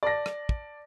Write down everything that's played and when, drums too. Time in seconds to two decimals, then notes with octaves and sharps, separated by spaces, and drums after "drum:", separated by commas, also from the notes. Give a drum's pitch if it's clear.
0.03 D5 A5 A#6
0.26 drum: rim click
0.49 drum: kick